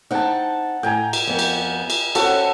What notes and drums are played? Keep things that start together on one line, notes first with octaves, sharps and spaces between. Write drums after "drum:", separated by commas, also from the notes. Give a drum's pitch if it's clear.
C4 D#4 F#5 A5
A2 G5 G#5 A#5
drum: cymbal
F2 B3 A#4
drum: cymbal
drum: cymbal
C4 C#4 F#4 A4 F#5, drum: cymbal